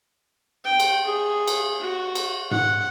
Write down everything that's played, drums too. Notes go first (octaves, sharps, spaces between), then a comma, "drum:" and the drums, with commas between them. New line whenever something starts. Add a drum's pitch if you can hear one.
G5
drum: cymbal
G#4
drum: cymbal
F#4
drum: cymbal
F#5, drum: tom G#2